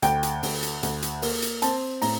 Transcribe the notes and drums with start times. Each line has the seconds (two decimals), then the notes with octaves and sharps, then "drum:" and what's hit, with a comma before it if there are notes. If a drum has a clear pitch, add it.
0.02 D2 G5, drum: hi-hat
0.23 drum: hi-hat
0.43 D2, drum: open hi-hat
0.63 drum: hi-hat
0.83 D2, drum: hi-hat
1.02 drum: hi-hat
1.22 A#3, drum: open hi-hat
1.42 drum: hi-hat
1.62 C4 A5, drum: hi-hat
2.02 A2 A#5, drum: open hi-hat